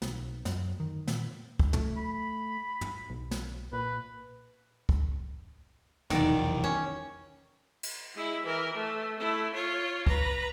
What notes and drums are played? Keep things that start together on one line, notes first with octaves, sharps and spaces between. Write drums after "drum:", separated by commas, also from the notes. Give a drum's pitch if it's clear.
B1, drum: snare
F#2, drum: snare
D#3
A#2, drum: snare
drum: kick
A3, drum: tom
B5
drum: tom
B1
drum: snare
A#2 B4
drum: kick
F1 B1 E2 D#3 D5, drum: snare
C#4
drum: cymbal
G#3 E4
E3 A#4
A3
A3 E4
F4 C#5
B4 A#5, drum: kick